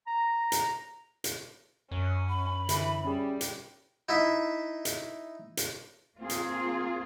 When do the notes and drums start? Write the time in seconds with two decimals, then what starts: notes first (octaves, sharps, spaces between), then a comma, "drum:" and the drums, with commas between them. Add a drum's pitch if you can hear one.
0.07 A#5
0.52 drum: hi-hat
1.24 drum: hi-hat
1.91 F#2 C#4
2.29 B5
2.69 D3 E3, drum: hi-hat
3.05 G3 C#4 G#4
3.41 drum: hi-hat
4.09 D#4 E4 E5
4.85 drum: hi-hat
5.57 drum: hi-hat
6.18 A#3 C4 F4 G#4
6.30 drum: hi-hat